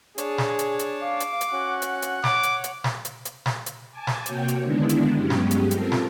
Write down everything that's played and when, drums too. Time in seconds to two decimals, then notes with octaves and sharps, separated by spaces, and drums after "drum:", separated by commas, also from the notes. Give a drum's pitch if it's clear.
0.18 D4 G#4 C#5 A5, drum: hi-hat
0.38 drum: snare
0.59 drum: hi-hat
0.79 drum: hi-hat
1.03 F5 D6
1.20 drum: hi-hat
1.41 drum: hi-hat
1.52 C#4 F#4 F#5
1.82 drum: hi-hat
2.02 drum: hi-hat
2.24 C#5 D6, drum: snare
2.43 drum: hi-hat
2.64 drum: hi-hat
2.84 drum: snare
3.05 drum: hi-hat
3.25 drum: hi-hat
3.46 drum: snare
3.66 drum: hi-hat
3.92 G#5 A5 D6
4.07 drum: snare
4.26 C3 A#3 F#4 C#5 G5 G6, drum: hi-hat
4.48 drum: hi-hat
4.61 D3 D#3 G#3 B3 D4 E4
4.89 drum: hi-hat
5.15 G2 F#3 G#3 B3 C#4 G4
5.30 drum: snare
5.51 drum: hi-hat
5.71 C4 F4 A4 A#4, drum: hi-hat
5.92 drum: snare